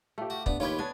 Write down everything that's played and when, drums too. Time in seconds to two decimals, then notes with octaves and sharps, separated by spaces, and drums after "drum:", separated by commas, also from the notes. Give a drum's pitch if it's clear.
0.18 A3 F4 G4
0.30 F#4
0.46 B3 D4, drum: kick
0.60 D#2 F4 G4 B4 C#5 B5 G#6
0.79 B3 D4 G#5